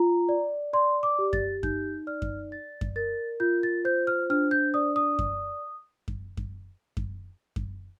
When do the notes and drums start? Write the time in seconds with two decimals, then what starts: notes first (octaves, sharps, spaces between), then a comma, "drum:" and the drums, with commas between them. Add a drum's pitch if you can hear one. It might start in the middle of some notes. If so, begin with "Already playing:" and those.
Already playing: F4 A#5
0.29 D5
0.73 D5 C6
1.03 D6
1.19 G4
1.33 A6, drum: kick F#2
1.63 D#4 G6, drum: kick F#2
2.07 D5 F6
2.22 drum: kick F#2
2.51 D5 A6
2.81 drum: kick F#2
2.96 A#4 A6
3.40 F4 G6
3.63 A6
3.85 C5 G6
4.07 F6
4.30 D4 F6
4.51 G6
4.74 D5 D#6
4.96 D#6
5.19 drum: kick F#2
6.08 drum: kick F#2
6.37 drum: kick F#2
6.97 drum: kick F#2
7.56 drum: kick F#2